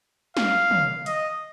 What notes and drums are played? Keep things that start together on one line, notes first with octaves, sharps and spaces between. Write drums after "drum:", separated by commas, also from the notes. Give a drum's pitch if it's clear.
F5, drum: snare
drum: tom
D#5, drum: hi-hat